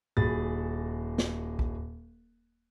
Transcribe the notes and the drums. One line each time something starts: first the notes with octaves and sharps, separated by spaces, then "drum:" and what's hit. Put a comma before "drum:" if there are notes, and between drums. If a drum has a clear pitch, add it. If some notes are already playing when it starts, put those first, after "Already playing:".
D#1 F#4 G#4 B5 A6
drum: snare
drum: kick